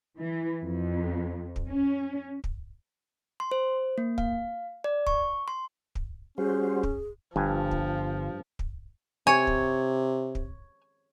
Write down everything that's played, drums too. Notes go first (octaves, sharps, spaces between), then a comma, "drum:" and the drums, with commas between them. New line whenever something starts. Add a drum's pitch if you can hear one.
E3
F2
drum: kick
C#4
drum: kick
C6
C5
A#3
F5, drum: kick
D5
C#6, drum: kick
C6
drum: kick
G3 C#4 F#4 G#4 C5
drum: kick
G1 G2 F3 G#5
drum: kick
drum: kick
C3 C#5 G#5
drum: kick
drum: kick